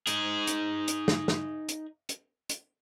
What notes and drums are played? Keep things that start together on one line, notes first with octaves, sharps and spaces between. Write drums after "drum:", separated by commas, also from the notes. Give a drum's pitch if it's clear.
D#4 G#4, drum: hi-hat
drum: hi-hat
drum: hi-hat
drum: snare
drum: snare
drum: hi-hat
drum: hi-hat
drum: hi-hat